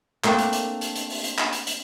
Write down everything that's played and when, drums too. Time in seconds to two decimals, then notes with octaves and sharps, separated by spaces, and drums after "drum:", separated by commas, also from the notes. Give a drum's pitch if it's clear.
0.24 A3 A#3 C4 D4, drum: clap
0.38 drum: hi-hat
0.53 drum: hi-hat
0.81 drum: hi-hat
0.96 drum: hi-hat
1.10 drum: open hi-hat
1.24 drum: hi-hat
1.38 drum: clap
1.53 drum: hi-hat
1.67 drum: hi-hat